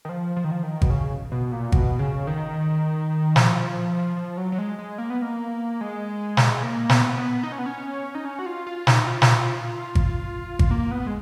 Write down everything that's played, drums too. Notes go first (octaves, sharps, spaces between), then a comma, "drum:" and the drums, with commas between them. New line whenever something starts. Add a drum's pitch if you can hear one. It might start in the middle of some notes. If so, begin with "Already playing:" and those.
D#3
F3
F3
D#3
F3
D#3
B2, drum: kick G#1
C#3
B2
A#2
B2, drum: kick G#1
C#3
D#3
F3, drum: snare
F3
F#3
F#3
G#3
G#3
A#3
B3
A#3
G#3
drum: snare
A#3
B3, drum: snare
B3
D#4
C#4
B3
C#4
D#4
C#4
F#4
F4
F4
D#4, drum: snare
F4
drum: snare
drum: kick G#1
drum: kick G#1
A#3
B3
G#3